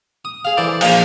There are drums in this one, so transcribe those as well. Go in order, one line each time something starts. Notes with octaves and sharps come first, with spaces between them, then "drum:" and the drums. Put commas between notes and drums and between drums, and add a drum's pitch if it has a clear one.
D#6
G#4 F5
E3 E4 A4 C5 D5
A#1 A#2 D#4 F5, drum: cymbal